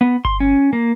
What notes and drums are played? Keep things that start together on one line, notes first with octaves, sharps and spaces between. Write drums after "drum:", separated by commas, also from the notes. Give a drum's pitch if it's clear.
B3
C6, drum: kick G1
C#4
A#3